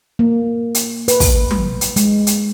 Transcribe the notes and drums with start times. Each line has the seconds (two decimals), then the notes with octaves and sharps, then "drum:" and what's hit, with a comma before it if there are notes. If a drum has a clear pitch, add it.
0.19 A#3
0.75 drum: hi-hat
1.08 B4, drum: hi-hat
1.20 drum: kick, open hi-hat
1.51 drum: tom F#3
1.81 drum: hi-hat
1.96 G#3, drum: hi-hat
2.27 drum: hi-hat